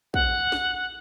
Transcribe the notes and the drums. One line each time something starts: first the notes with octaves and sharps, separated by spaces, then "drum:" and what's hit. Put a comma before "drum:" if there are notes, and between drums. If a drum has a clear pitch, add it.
F#5, drum: kick
drum: snare